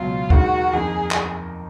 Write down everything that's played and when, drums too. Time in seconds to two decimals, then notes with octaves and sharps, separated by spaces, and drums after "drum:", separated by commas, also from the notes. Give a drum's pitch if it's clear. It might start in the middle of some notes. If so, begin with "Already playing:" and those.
Already playing: C#2 B2 F#3 F4
0.30 D#2 D#3 G#3 D#4 F#4, drum: kick
0.73 F2 D#3 A#3 D#4 G#4
1.11 drum: clap